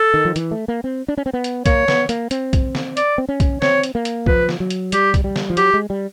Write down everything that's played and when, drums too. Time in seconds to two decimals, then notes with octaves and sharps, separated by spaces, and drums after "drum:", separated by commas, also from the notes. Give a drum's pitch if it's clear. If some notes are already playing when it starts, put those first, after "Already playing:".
Already playing: A4
0.14 D#3
0.25 F3
0.36 E3, drum: hi-hat
0.51 A3
0.68 A#3
0.84 C4
1.08 D4
1.17 C#4
1.26 C4
1.33 B3
1.44 drum: hi-hat
1.66 A#3 C#5, drum: kick B1, hi-hat
1.88 B3, drum: snare
2.09 A#3, drum: hi-hat
2.31 C4, drum: hi-hat
2.53 drum: kick B1, hi-hat
2.75 drum: snare
2.97 D5, drum: hi-hat
3.18 C4
3.29 C#4
3.40 drum: kick B1, hi-hat
3.62 C4 C#5, drum: snare
3.84 drum: hi-hat
3.95 A#3
4.05 drum: hi-hat
4.26 F3 B4, drum: kick B1
4.49 drum: snare
4.60 F#3
4.70 drum: hi-hat
4.92 G3 G4, drum: hi-hat
5.14 drum: kick B1, hi-hat
5.24 G3
5.36 drum: snare
5.50 F3
5.57 F#3 G4, drum: hi-hat
5.74 G#3
5.90 G3